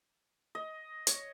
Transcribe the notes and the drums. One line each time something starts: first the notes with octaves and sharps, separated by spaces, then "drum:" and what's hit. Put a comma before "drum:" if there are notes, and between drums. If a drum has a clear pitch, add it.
D#5
C#5, drum: hi-hat